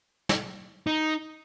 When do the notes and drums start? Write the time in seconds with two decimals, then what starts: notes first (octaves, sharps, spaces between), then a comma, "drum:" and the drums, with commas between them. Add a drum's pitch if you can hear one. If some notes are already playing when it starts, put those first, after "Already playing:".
0.29 drum: snare
0.87 D#4